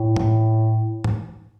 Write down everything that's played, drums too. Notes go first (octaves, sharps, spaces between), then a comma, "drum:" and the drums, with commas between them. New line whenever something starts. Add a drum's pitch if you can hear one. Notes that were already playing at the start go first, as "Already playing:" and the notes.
Already playing: A2
drum: tom G#2
drum: tom G#2